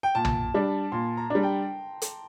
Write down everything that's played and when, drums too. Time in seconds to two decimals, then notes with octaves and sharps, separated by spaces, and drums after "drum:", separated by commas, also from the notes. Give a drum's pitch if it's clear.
0.03 G5
0.15 A#2 A5
0.25 drum: tom
0.54 G3 D4
0.92 A#2 C6
1.17 A#5
1.30 G3 D4
1.43 G5
2.02 drum: hi-hat